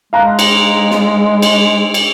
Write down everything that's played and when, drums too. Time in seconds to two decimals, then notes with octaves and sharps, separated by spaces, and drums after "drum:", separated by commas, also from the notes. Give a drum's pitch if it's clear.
0.13 G#3 F5 A#5 F#6
0.39 drum: cymbal
0.91 drum: snare
1.42 drum: cymbal
1.94 drum: cymbal